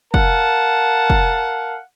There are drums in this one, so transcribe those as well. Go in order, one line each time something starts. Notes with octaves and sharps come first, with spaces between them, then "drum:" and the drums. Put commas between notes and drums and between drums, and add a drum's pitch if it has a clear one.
A#4 F5 F#5 A5, drum: kick
drum: kick